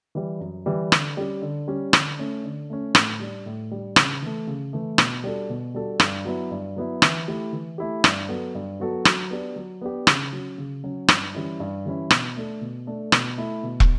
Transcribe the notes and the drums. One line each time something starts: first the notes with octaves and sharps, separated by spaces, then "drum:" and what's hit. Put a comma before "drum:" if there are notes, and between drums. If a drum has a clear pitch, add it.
E3 G3
F#2
E3 G3
D3, drum: rim click
G3 C#4 G4
D3
G3 C#4 G4
D3, drum: rim click
A3 C#4
D3
A3 C#4
A2, drum: rim click
G3 D4
A2
G3 D4
C#3, drum: rim click
E3 A3
C#3
E3 A3
B2, drum: rim click
G3 D4 F#4 A4
B2
G3 D4 F#4 A4
G2, drum: rim click
F#3 B3 E4
G2
F#3 B3 E4
E3, drum: rim click
A3 E4 G4
E3
A3 E4 G4
G2, drum: rim click
F#3 B3 F#4 A4
G2
F#3 B3 F#4 A4
F#3, drum: rim click
B3 D4 G4
F#3
B3 D4 G4
C#3, drum: rim click
F#3 C#4 F#4
C#3
F#3 C#4 F#4
G2, drum: rim click
E3 G3 C#4 E4
G2
E3 G3 C#4 E4
B2, drum: rim click
A3 D4 A4
B2
A3 D4 A4
B2, drum: rim click
A3 E4
B2
drum: kick